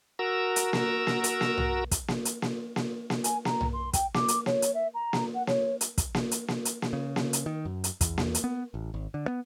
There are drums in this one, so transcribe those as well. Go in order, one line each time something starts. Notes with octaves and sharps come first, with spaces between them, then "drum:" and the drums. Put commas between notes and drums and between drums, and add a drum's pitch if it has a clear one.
F#4 A#4 A#5 E6
drum: hi-hat
drum: snare A#3
drum: snare A#3
drum: hi-hat
drum: snare A#3
drum: tom
drum: kick, hi-hat
drum: snare A#3
drum: hi-hat
drum: snare A#3
drum: snare A#3
drum: snare A#3
G#5, drum: hi-hat
A#5, drum: snare A#3
drum: tom
C6
G5, drum: kick, hi-hat
D6, drum: snare A#3
drum: hi-hat
C#5, drum: snare A#3
drum: hi-hat
E5
A#5
drum: snare A#3
F#5
C#5, drum: snare A#3
drum: hi-hat
drum: kick, hi-hat
drum: snare A#3
drum: hi-hat
drum: snare A#3
drum: hi-hat
drum: snare A#3
C#3
drum: snare A#3
drum: hi-hat
D#3
F#2
drum: hi-hat
E2, drum: kick, hi-hat
drum: snare A#3
drum: hi-hat
B3
A1
G#1
D3
B3